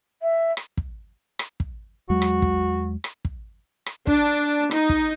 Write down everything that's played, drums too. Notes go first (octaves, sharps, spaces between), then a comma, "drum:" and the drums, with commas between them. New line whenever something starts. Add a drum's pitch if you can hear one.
E5
drum: rim click
drum: kick
drum: rim click
drum: kick
E2 F#3 G#3 F#4
drum: rim click
drum: kick
drum: rim click
drum: kick
drum: rim click
D4, drum: kick
D#4, drum: rim click
drum: kick